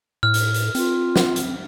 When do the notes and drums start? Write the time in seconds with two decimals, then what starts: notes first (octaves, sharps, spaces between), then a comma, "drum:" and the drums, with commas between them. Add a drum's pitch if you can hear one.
0.23 A2 F6
0.34 drum: hi-hat
0.54 drum: hi-hat
0.75 C4 F4, drum: hi-hat
1.16 drum: snare
1.36 drum: hi-hat